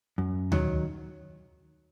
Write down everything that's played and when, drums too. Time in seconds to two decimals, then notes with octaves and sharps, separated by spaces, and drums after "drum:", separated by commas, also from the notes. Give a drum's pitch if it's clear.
0.18 F#2
0.52 D#3 F#3, drum: tom D2